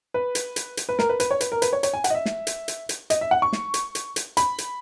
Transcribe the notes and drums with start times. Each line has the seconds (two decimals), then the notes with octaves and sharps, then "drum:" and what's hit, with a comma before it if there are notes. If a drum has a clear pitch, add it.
0.14 B4
0.35 drum: hi-hat
0.56 drum: hi-hat
0.77 drum: hi-hat
0.89 B4
0.99 A#4, drum: snare
1.09 B4
1.20 B4, drum: hi-hat
1.31 C#5
1.41 B4, drum: hi-hat
1.52 A#4
1.62 B4, drum: hi-hat
1.73 C#5
1.83 C#5, drum: hi-hat
1.93 G#5
2.04 F#5, drum: hi-hat
2.10 D#5
2.15 E5
2.26 drum: snare
2.47 drum: hi-hat
2.68 drum: hi-hat
2.89 drum: hi-hat
3.10 D#5, drum: hi-hat
3.21 E5
3.31 F#5
3.42 C#6
3.53 drum: snare
3.74 drum: hi-hat
3.95 drum: hi-hat
4.16 drum: hi-hat
4.37 B5, drum: hi-hat
4.58 drum: hi-hat